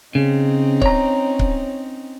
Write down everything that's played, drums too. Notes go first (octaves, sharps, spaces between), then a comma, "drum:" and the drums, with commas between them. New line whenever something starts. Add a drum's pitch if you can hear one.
C#3 C4 C#4 D#4
C#5 A#5, drum: kick C#1
drum: kick C#1